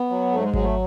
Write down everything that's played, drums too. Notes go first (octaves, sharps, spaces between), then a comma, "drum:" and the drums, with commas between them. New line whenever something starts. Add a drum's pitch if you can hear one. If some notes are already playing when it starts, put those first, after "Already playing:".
Already playing: B3
F#3
G#2 A3
G#3
F#3 G#3, drum: kick G#1
A3